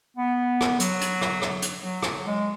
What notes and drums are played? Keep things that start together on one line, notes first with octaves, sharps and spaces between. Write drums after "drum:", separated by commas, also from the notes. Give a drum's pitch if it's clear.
B3
drum: rim click
F#3, drum: hi-hat
drum: hi-hat
drum: rim click
drum: rim click
drum: hi-hat
F#3
drum: rim click
G#3